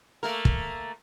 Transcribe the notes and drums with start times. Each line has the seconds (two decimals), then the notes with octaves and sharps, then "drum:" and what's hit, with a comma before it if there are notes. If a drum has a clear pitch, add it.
0.23 A3 A#3 A#4
0.45 drum: kick